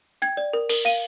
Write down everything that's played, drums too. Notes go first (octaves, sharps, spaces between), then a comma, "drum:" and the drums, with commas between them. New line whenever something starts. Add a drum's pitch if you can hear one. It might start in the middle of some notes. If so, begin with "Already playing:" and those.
G5 G#6
D5
A#4
A#4, drum: cymbal
F5 D#7